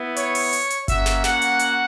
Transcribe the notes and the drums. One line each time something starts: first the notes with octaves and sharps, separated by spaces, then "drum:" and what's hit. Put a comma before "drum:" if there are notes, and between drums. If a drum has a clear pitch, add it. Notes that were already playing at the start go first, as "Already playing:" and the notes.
Already playing: B3 E4
C#5, drum: hi-hat
drum: open hi-hat
drum: hi-hat
drum: hi-hat
A#3 C#4 F#4 E5, drum: kick G1, hi-hat
drum: snare
F#5, drum: snare
drum: hi-hat
drum: hi-hat